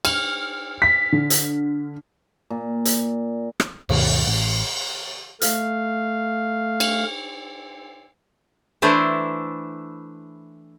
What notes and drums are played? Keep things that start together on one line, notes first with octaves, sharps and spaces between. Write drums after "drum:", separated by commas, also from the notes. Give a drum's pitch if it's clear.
F6, drum: cymbal
B6
D3
drum: hi-hat
A#2
drum: hi-hat
drum: rim click
D2 G2 B2 D#3, drum: cymbal
A1
A3 F5, drum: hi-hat
drum: cymbal
E3 A3 D4 E4 C5